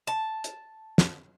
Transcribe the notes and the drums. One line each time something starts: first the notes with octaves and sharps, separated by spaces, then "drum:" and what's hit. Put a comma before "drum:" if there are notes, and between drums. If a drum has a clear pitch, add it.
A5
drum: hi-hat
drum: snare